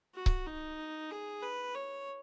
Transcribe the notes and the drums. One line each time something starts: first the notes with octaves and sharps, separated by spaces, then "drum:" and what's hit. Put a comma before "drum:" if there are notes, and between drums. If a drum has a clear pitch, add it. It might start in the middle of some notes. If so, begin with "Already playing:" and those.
F#4
drum: kick C#1
D#4
G#4
B4
C#5